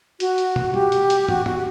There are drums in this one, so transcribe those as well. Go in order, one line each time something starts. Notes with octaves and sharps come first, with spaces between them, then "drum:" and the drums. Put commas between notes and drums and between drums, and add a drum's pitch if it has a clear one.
F#4, drum: hi-hat
drum: hi-hat
drum: tom
G4, drum: tom
drum: hi-hat
drum: hi-hat
F#4, drum: tom
F#4, drum: tom